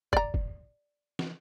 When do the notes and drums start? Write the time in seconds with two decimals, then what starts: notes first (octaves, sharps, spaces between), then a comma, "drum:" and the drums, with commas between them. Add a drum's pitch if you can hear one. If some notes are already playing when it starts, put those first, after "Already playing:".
0.13 D5 A#5, drum: kick
0.34 drum: kick
1.19 drum: snare